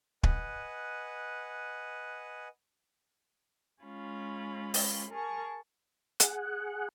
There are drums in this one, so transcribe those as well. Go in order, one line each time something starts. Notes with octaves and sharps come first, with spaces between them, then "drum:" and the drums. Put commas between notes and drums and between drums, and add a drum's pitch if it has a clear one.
B4 D#5 F#5 G#5, drum: kick
G#3 C#4 F4 B5
drum: open hi-hat
G#4 A#4 A5 C#6
G#4 F#5, drum: hi-hat